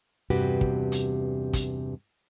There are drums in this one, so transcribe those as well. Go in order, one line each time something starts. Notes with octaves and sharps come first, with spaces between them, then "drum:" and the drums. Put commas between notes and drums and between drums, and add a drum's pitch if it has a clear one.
E2 G2 C3 F#4 G4 B4
drum: kick
drum: hi-hat
drum: kick, hi-hat